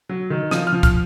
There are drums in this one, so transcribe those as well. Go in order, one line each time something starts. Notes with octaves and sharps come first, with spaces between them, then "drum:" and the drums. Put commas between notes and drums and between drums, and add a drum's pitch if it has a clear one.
F#3
D#3
F3 D#6, drum: snare
F6
F3
F6, drum: kick, hi-hat